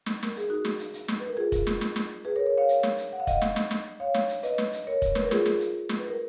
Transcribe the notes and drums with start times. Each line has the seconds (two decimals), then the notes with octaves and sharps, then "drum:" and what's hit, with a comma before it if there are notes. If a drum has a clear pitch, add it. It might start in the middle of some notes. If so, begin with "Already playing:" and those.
0.06 drum: snare
0.23 A#4, drum: snare
0.37 G#4, drum: hi-hat
0.50 D#4 F#4
0.65 drum: snare
0.79 drum: hi-hat
0.94 drum: hi-hat
1.08 drum: snare
1.20 B4
1.29 A#4
1.37 F4 G#4
1.52 drum: kick, hi-hat
1.67 drum: snare
1.81 drum: snare
1.96 drum: snare
2.25 G#4 B4
2.36 A#4 C#5
2.46 A#4 C#5
2.58 C#5 F5
2.69 drum: hi-hat
2.83 drum: snare
2.98 drum: hi-hat
3.13 F#5
3.20 F5
3.27 D#5 F#5, drum: kick, hi-hat
3.42 drum: snare
3.56 drum: snare
3.71 drum: snare
4.00 C#5 F5
4.14 drum: snare
4.29 drum: hi-hat
4.43 B4 D#5, drum: hi-hat
4.58 drum: snare
4.73 drum: hi-hat
4.87 A#4 C#5
5.02 drum: kick, hi-hat
5.15 B4, drum: snare
5.23 A#4
5.31 F4 G#4, drum: snare
5.46 drum: snare
5.60 drum: hi-hat
5.89 drum: snare
5.98 B4
6.08 A#4